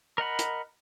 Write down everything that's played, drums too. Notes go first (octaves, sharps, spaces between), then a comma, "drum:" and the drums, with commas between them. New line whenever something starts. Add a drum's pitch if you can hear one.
A#4 D#5 F#5 B5
drum: hi-hat